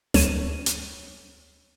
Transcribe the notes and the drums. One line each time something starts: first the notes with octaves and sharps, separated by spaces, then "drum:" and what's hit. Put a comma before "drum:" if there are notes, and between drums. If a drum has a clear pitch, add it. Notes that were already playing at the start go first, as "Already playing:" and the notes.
D2 A4 C#5 D#7 E7, drum: snare
drum: hi-hat